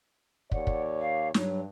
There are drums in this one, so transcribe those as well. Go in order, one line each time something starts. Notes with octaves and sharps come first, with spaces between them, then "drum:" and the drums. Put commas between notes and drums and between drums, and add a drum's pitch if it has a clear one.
D#2 C#5 D5 F#5, drum: kick
drum: kick
F5
G2 F#3, drum: snare